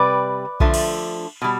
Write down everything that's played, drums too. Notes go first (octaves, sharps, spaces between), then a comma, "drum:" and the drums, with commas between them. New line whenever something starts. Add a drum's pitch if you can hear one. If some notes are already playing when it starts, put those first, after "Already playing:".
Already playing: C3 G3 B4 D5
D3 F3 A3, drum: kick B1
drum: cymbal
B2 G3